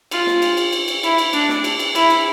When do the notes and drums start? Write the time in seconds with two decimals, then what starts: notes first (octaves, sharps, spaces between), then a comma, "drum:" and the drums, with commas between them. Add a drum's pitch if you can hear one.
0.11 F4, drum: cymbal
0.27 drum: snare
0.42 drum: cymbal
0.57 drum: cymbal
0.73 drum: cymbal
0.88 drum: cymbal
1.03 E4, drum: cymbal
1.18 drum: cymbal
1.33 D4, drum: cymbal
1.49 drum: snare
1.64 drum: cymbal
1.79 drum: cymbal
1.95 E4, drum: cymbal
2.10 drum: cymbal